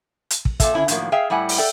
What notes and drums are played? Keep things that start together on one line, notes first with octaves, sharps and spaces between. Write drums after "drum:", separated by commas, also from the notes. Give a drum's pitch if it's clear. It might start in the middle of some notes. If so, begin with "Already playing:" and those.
drum: hi-hat
drum: kick
A#2 A4 E5, drum: kick, hi-hat
D3 G#3 C#4 E4
A2 D#3 F3 F#3 A#3, drum: hi-hat
G#4 E5 F5 G5
A2 G3 E4 F#5 G#5
drum: open hi-hat
A4 D5 E5 G5